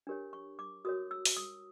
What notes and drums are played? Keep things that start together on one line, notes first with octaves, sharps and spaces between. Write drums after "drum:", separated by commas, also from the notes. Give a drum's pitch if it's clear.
D4 G4 A#4 C#5
C#6
D6
F#4 A#4 C#5 D#6
E6
drum: open hi-hat
D#6